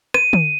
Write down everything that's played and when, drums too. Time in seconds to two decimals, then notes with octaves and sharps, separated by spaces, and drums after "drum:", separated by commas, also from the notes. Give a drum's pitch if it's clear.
0.14 D#7, drum: rim click
0.33 drum: tom